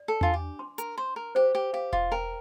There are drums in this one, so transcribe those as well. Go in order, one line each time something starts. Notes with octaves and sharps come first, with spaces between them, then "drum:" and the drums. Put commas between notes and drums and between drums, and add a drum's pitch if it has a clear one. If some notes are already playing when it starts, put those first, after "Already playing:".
Already playing: D5
A4
D4 F4, drum: tom E2
G4
C6
A#4, drum: hi-hat
C5 C6
A#4
G4 C5
G4
G4 F5
F4, drum: kick E1
A#4 G5